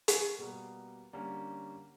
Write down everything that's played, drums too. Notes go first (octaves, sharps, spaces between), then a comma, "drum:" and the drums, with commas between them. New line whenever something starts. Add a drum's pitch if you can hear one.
drum: hi-hat
B2 G3 A#3
D3 G3 A#3 C#4